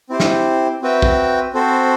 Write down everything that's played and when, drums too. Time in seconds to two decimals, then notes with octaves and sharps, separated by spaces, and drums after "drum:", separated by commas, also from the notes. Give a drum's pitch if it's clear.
0.09 C4 E4 G4 C5
0.20 drum: snare
0.82 C4 F#4 B4 E5 G5
1.02 drum: kick
1.53 C4 F#4 A4 C5